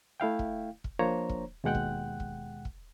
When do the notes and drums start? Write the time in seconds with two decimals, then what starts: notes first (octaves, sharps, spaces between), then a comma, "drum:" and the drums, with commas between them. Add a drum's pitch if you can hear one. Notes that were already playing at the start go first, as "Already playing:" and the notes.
0.20 A3 E4 F5 G5
0.39 drum: kick
0.84 drum: kick
0.99 F3 A#3 D4 C5 C#5 A#5
1.29 drum: kick
1.64 D#2 B2 G#3 F#5 G5 F#6
1.75 drum: kick
2.20 drum: kick
2.65 drum: kick